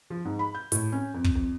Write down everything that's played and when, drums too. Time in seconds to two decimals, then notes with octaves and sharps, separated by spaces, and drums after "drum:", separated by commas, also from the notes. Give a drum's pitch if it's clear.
0.10 F3
0.25 G#2
0.39 B5
0.55 G6
0.72 A2, drum: hi-hat
0.92 C#4
1.14 F2
1.24 drum: kick
1.35 F2